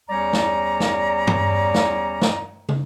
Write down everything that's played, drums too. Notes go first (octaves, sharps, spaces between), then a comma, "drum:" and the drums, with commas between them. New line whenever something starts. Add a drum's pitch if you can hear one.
E2 G3 C#4 C#5 D5 A#5
drum: snare
drum: snare
drum: tom
drum: snare
drum: snare
drum: tom